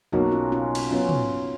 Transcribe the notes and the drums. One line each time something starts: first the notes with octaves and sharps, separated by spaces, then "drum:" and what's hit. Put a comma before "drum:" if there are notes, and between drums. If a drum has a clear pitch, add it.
B1 B2 F#3 A#3 D#4 F#4
C#4 F4
C#4 F4
drum: cymbal
F#3 B3 C#4 F4
drum: tom